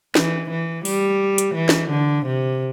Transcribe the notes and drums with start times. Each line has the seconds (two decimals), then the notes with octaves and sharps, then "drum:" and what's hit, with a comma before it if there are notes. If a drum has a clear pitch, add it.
0.15 E3, drum: snare
0.51 E3
0.85 G3, drum: open hi-hat
1.38 drum: hi-hat
1.55 E3
1.69 drum: snare
1.90 D3
2.26 C3